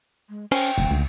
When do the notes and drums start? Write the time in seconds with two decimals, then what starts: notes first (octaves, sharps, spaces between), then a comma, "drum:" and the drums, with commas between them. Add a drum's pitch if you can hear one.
0.29 G#3
0.52 C#4 C5 G5 G#5, drum: cymbal
0.78 F1 D2
0.91 C#2